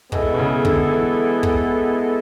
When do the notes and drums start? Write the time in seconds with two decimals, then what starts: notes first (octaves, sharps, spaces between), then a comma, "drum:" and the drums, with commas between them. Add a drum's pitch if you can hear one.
0.12 B2 G#3 B3 E4 A4, drum: kick
0.34 B2
0.39 C#3
0.65 D3, drum: kick
0.91 E3
1.43 drum: kick